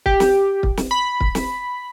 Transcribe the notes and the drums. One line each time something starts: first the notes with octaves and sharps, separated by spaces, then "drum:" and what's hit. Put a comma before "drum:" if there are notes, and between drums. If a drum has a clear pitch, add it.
G4, drum: kick
drum: snare
drum: kick
drum: snare
B5
drum: kick
drum: snare